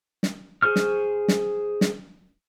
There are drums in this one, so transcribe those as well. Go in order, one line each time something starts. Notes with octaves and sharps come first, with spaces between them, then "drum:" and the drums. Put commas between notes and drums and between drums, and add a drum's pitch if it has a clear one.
drum: snare
G#4 C5 C#6 F6
drum: snare
drum: snare
drum: snare